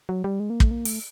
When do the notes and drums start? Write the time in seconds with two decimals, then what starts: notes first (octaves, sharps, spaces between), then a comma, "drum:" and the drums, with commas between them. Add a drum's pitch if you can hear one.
0.09 F#3
0.24 G3
0.40 G#3
0.50 A#3
0.60 A3, drum: kick
0.71 A#3
0.85 A3, drum: open hi-hat